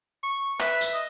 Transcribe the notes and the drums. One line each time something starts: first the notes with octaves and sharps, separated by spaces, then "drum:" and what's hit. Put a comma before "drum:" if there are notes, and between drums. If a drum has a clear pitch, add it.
C#6
B4 E5, drum: clap
drum: tambourine
D#5